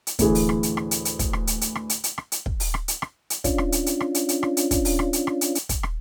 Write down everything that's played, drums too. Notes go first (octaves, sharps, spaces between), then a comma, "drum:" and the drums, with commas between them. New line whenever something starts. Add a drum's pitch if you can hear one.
drum: hi-hat
D2 A2 E3 G#4, drum: kick, hi-hat
drum: open hi-hat
drum: rim click
drum: hi-hat
drum: rim click
drum: hi-hat
drum: hi-hat
drum: kick, hi-hat
drum: rim click
drum: hi-hat
drum: hi-hat
drum: rim click
drum: hi-hat
drum: hi-hat
drum: rim click
drum: hi-hat
drum: kick
drum: open hi-hat
drum: rim click
drum: hi-hat
drum: rim click
drum: hi-hat
C#4 D4 F4, drum: kick, hi-hat
drum: rim click
drum: hi-hat
drum: hi-hat
drum: rim click
drum: hi-hat
drum: hi-hat
drum: rim click
drum: hi-hat
drum: kick, hi-hat
drum: open hi-hat
drum: rim click
drum: hi-hat
drum: rim click
drum: hi-hat
drum: hi-hat
drum: kick, hi-hat
drum: rim click